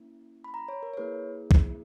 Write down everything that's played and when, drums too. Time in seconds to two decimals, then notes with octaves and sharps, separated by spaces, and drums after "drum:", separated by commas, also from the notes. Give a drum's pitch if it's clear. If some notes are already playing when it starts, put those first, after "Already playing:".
Already playing: A#3 C#4 E4
0.44 B5
0.54 A#5
0.68 C#5
0.83 A#4
0.94 C#5
0.97 A#3 E4 G#4 B4
1.51 drum: kick C2